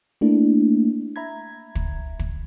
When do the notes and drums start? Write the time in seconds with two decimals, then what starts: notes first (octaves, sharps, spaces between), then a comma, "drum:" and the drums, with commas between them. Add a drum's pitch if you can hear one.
0.21 A3 A#3 D4 E4
1.16 E5 A#5 B5 G#6
1.75 drum: kick
2.19 drum: kick